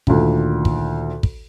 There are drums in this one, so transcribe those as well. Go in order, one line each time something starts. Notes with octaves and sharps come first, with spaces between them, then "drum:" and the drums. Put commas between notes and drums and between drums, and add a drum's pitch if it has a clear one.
D2 A#2 D#3, drum: kick
drum: kick
drum: kick